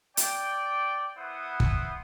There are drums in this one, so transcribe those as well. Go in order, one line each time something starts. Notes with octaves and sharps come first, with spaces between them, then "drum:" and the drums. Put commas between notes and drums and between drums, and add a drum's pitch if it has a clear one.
D5 G5, drum: hi-hat
B3 E4 C5 F#5 D#6
drum: kick